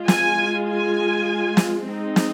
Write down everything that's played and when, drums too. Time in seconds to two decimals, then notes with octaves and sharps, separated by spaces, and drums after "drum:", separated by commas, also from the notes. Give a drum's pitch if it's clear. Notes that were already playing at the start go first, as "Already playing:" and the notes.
Already playing: G#3 F4
0.08 G#5, drum: snare
0.68 G#5
1.57 drum: snare
1.87 G#3 C4 D#4
2.16 drum: snare